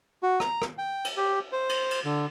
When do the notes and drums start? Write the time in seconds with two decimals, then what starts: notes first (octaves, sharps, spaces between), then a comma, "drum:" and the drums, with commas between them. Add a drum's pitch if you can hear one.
0.23 F#4
0.40 A#5, drum: rim click
0.62 drum: rim click
0.78 G5
1.05 drum: cymbal
1.17 G4
1.52 C5
1.69 drum: cymbal
1.91 drum: cymbal
2.05 D3